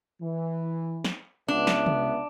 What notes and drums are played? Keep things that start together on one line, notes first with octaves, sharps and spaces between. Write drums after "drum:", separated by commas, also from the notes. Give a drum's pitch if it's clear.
E3
drum: snare
C#2 B3 D4 E5
drum: snare
drum: tom C3